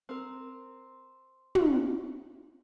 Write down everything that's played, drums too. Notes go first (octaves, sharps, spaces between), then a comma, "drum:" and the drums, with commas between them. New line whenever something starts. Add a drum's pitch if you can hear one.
C4 A#4
drum: tom